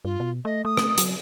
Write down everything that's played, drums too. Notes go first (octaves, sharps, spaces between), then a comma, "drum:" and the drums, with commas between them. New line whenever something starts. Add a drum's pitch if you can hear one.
G2 F4
B2
A3 D#5
A3 D#6
drum: rim click
F#3, drum: hi-hat